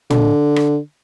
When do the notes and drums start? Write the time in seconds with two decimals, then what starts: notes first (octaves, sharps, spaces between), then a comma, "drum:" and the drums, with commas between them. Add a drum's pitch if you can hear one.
0.10 D3, drum: tom
0.56 drum: rim click